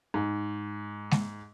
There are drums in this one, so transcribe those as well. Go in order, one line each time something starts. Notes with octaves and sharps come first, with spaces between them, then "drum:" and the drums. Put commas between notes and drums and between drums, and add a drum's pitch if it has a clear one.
G#2
drum: snare G#3